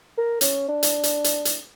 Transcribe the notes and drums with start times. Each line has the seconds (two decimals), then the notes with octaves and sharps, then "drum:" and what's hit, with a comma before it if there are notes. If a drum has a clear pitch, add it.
0.18 A#4
0.41 C#4, drum: hi-hat
0.68 D4
0.83 drum: hi-hat
1.03 drum: hi-hat
1.24 drum: hi-hat
1.45 drum: hi-hat